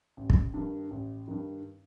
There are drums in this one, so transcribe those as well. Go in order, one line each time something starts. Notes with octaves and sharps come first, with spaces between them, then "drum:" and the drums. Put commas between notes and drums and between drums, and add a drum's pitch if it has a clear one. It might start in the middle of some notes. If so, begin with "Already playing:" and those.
A1
drum: kick
G2 D#3
A1
G2 D#3